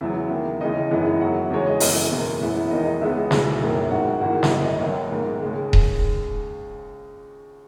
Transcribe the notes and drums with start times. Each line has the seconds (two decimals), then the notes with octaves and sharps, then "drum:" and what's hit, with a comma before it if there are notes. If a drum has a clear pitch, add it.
0.01 E2 C#3 F#3 B3 E4 E5
0.31 E2 D#3 A#3
0.61 D#2 C#3 E3 D#4 D#5
0.91 F#2 E3 G#3 B3
1.21 F#2 D#3 F#3 F#4 F#5
1.50 E2 C#3 G#3 C#5
1.67 D#5
1.80 G#1 F#2 C#3 E3 E4 E5, drum: open hi-hat
2.11 F#1 E2 B2 A#3
2.41 F#2 E3 G#3 B3 E4 E5
2.71 E2 D#3 A#3 D#4 D#5
2.86 D#4 D#5
3.01 C#2 C#3 G#3 B3 E4 E5
3.31 B1 B2 G#3 E4 E5, drum: snare
3.61 F#1 F#2 D#3 F#3 A#3
3.90 A#1 G#2 D#3 F#4 F#5
4.21 G#1 G#2 E3 A#3 F#4 F#5
4.43 E5, drum: snare
4.51 F#1 F#2 D#3 A#3 D#4 D#5
4.81 D#2 D#3 F#3 B3
5.11 A#1 G#2 D#3 A#3
5.41 D#2 C#3 G#3
5.73 drum: kick D#1